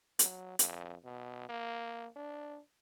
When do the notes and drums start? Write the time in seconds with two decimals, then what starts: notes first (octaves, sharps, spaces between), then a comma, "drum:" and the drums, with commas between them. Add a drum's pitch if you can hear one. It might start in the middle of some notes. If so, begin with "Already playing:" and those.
0.19 F#3, drum: hi-hat
0.59 F2, drum: hi-hat
1.05 B2
1.49 A#3
2.16 D4